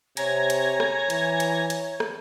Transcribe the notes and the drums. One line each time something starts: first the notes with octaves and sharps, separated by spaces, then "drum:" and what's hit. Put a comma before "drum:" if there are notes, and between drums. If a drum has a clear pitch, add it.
C3 C#5 G#5 A#5, drum: hi-hat
drum: hi-hat
drum: rim click
E3, drum: hi-hat
drum: hi-hat
drum: hi-hat
drum: rim click